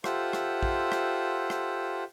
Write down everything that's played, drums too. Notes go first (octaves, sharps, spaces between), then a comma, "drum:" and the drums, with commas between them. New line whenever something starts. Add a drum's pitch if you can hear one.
F4 G4 A4 C5 E5 F#5, drum: rim click
drum: rim click
drum: kick A#1
drum: rim click
drum: rim click